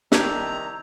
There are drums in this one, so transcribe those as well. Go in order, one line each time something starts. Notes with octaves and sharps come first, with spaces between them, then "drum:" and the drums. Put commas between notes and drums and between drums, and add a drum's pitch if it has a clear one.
C2 C3 D#3 D4 A#5 E6 G6 G#6, drum: snare